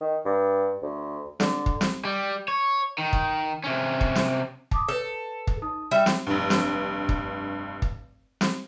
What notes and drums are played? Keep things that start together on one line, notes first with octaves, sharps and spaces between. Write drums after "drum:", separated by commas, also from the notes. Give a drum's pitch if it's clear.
D#3
G2
D2
D3, drum: snare
drum: kick
drum: snare
G3
C#5
D#3
drum: kick
C3 C#4
drum: kick
drum: snare
A5 D6 D#6, drum: kick
A4 B4 C#5
drum: kick
D#4 A5 D#6
G3 C#5 E5 G5
drum: snare
F1 G2
drum: snare
drum: kick
drum: kick
drum: snare